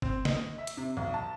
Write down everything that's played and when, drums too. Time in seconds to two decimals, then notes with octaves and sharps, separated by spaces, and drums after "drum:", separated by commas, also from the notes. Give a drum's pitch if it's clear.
0.02 C4, drum: kick
0.25 D#5, drum: snare
0.58 E5
0.67 drum: hi-hat
0.77 C3
0.97 B1
1.14 A5